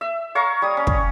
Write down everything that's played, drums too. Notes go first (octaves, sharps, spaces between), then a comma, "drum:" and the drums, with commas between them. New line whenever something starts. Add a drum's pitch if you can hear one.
E5
C#5 F5 A#5 C#6
G3 D#6
C#4
drum: kick